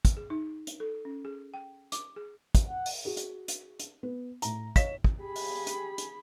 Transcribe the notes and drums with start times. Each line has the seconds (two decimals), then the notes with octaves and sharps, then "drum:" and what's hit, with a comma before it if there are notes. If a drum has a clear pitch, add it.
0.05 drum: kick, hi-hat
0.17 G#4
0.30 D#4
0.67 drum: hi-hat
0.80 A4
1.05 C#4
1.25 G#4
1.54 G5
1.92 D6, drum: hi-hat
2.16 G#4
2.55 drum: kick, hi-hat
2.68 F#5
2.86 drum: open hi-hat
3.05 F#4 G#4
3.17 drum: hi-hat
3.48 drum: hi-hat
3.79 drum: hi-hat
4.03 B3
4.42 A2 A#5, drum: hi-hat
4.76 C#5 D#5 F5 B6 E7, drum: kick, hi-hat
5.04 drum: kick
5.20 G4 G#4 B5
5.36 drum: open hi-hat
5.67 drum: hi-hat
5.98 drum: hi-hat